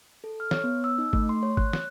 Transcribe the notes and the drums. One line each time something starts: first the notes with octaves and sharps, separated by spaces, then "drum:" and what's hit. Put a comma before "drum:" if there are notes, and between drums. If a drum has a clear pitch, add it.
A4
F6
C#5, drum: snare
B3
E6
D#4
A3, drum: kick
C6
C#5
F#6, drum: kick
F#6, drum: snare